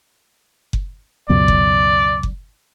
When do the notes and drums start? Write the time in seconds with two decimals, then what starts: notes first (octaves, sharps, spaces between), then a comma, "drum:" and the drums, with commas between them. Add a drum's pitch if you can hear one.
0.73 drum: kick F#1
1.29 C#2 F#2 B2 D5
1.48 drum: kick F#1
2.23 drum: kick F#1